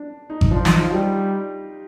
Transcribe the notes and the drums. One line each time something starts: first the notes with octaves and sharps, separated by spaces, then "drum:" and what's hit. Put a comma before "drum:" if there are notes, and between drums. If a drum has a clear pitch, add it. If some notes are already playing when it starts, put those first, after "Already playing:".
Already playing: D4
D#4
drum: kick G#1
F3 D4
D#4, drum: snare
F4
G3 G4